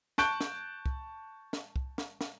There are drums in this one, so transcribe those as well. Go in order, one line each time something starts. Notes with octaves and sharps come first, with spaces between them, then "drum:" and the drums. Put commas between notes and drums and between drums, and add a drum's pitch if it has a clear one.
A5 C#6 F#6 G6 D7, drum: snare
drum: snare
drum: kick C2
drum: snare
drum: kick C2
drum: snare
drum: snare